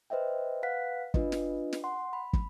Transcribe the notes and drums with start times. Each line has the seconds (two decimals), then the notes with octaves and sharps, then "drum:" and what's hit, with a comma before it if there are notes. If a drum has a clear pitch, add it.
0.10 B4 C5 D#5 E5 G5
0.63 B4 F5 F#5 F#6 B6
1.14 D4 F4 B4 D#5, drum: kick
1.32 drum: snare
1.73 drum: snare
1.84 F#5 C6
2.13 B5
2.33 drum: kick